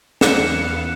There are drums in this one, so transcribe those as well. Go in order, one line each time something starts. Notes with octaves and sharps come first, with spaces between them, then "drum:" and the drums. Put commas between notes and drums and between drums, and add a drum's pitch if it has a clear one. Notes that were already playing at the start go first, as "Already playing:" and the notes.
E2 B3 F5 F#6 C#7 E7, drum: snare